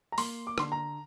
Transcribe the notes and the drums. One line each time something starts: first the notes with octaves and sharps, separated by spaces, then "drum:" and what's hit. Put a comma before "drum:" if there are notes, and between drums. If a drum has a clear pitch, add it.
A#5
A#3 C6, drum: open hi-hat
D6
D3 C6, drum: rim click
A#5